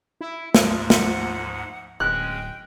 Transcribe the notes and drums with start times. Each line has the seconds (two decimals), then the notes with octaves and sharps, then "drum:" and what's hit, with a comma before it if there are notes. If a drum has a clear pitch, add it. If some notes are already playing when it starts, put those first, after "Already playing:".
0.21 E4
0.54 D2 G#2 F3 B5, drum: snare
0.90 F#5, drum: snare
2.00 D1 G#3 C#4 G5 F#6